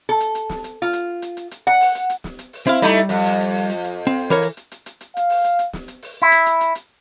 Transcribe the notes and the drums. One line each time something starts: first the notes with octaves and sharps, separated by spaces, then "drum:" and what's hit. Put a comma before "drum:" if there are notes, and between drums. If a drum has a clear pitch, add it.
A4
drum: hi-hat
drum: hi-hat
drum: snare
drum: hi-hat
F4
drum: hi-hat
drum: hi-hat
drum: hi-hat
drum: hi-hat
F#5
drum: open hi-hat
drum: hi-hat
drum: hi-hat
drum: snare
drum: hi-hat
drum: open hi-hat
C4 E4 F5, drum: hi-hat
G3 A3 D#4 E4, drum: hi-hat
drum: hi-hat
F2, drum: hi-hat
drum: hi-hat
drum: hi-hat
drum: open hi-hat
drum: hi-hat
drum: hi-hat
C4
E3 A#4 C#5, drum: open hi-hat
drum: hi-hat
drum: hi-hat
drum: hi-hat
drum: hi-hat
drum: hi-hat
F5, drum: hi-hat
drum: open hi-hat
drum: hi-hat
drum: hi-hat
drum: snare
drum: hi-hat
drum: open hi-hat
E4
drum: hi-hat
drum: hi-hat
drum: hi-hat
drum: hi-hat